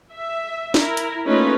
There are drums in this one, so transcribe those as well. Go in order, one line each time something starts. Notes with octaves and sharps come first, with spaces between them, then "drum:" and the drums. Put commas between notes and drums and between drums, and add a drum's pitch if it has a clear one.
E5
E4 A#4, drum: snare
drum: hi-hat
A3 A#3 C#4 D#4 F4 B4